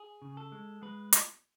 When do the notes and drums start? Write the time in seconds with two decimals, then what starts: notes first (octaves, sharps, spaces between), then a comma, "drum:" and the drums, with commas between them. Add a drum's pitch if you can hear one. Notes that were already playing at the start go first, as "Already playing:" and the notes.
Already playing: G#4
0.22 C#3
0.37 A4
0.52 G#3
0.82 G#3 B4
1.13 drum: hi-hat